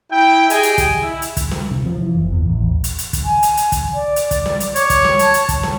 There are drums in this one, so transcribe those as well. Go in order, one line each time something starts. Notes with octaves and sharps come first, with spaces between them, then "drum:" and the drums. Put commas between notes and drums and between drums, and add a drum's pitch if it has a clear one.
E4 G5
G4 G#4 D#5 G5 G#5, drum: hi-hat
drum: hi-hat
drum: kick, hi-hat
E4
drum: hi-hat
drum: kick, hi-hat
drum: snare
C3
F3
E3
F#1
E2
A1
D#1
drum: hi-hat
drum: hi-hat
drum: kick, hi-hat
G#5
drum: hi-hat
drum: hi-hat
drum: kick, hi-hat
D5
drum: hi-hat
drum: kick, hi-hat
drum: snare
drum: hi-hat
C#5 D6, drum: hi-hat
drum: kick, hi-hat
drum: snare
A5, drum: hi-hat
drum: hi-hat
drum: kick, hi-hat
drum: snare